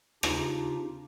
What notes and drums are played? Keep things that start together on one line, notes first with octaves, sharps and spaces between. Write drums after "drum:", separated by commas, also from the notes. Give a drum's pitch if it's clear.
C#3 C4 D4 D#4 F4 G4, drum: rim click